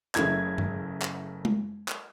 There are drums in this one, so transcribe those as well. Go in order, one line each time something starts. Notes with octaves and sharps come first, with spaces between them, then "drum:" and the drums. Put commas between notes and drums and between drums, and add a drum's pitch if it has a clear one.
F#1 C#3 A3 E4 G#6, drum: clap
drum: tom G2
drum: clap
drum: tom G#3
drum: clap